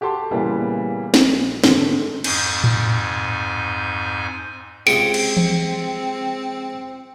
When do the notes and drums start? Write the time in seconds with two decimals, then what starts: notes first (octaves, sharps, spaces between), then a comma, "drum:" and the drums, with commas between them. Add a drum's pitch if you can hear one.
0.01 F#4 G4 A4 A5 C6
0.31 A#2 C#3 E3 G3 A#3 B3
1.14 A#1, drum: snare
1.64 G#2 D3 D#3, drum: snare
2.24 F2 G#2 G#5 G6, drum: cymbal
2.64 drum: tom A2
4.87 C#2 C4 G4 D#6 C#7 D7
5.14 drum: cymbal
5.37 drum: tom E3